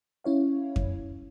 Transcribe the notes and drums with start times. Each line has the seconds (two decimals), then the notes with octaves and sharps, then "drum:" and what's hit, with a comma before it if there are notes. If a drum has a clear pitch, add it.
0.24 C#4 E4 C#5 F5
0.76 drum: kick F2